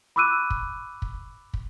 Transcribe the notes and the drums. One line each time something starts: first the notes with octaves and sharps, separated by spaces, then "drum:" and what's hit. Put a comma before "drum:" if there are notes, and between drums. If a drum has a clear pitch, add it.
B5 C#6 D6 E6 F#6 D#7
drum: kick
drum: kick
drum: kick